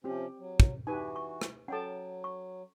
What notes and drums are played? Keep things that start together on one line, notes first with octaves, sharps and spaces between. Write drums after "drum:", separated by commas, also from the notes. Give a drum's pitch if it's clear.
C3 F3 C4 C#4 G4
F#3
drum: kick
E3 D#4 F#4 G4 B4 G#5
C#6
drum: rim click
F#3 C#4 A4 F#5 G5 A5
C#6